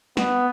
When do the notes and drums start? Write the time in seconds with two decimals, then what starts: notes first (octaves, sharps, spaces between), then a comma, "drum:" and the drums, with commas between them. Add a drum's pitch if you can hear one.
0.17 B3, drum: snare